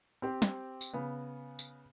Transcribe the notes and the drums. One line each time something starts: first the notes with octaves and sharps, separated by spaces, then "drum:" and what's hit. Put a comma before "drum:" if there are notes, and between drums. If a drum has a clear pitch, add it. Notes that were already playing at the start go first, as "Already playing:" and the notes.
C4 G4 C5
drum: snare
drum: tambourine
C#3 B3
drum: tambourine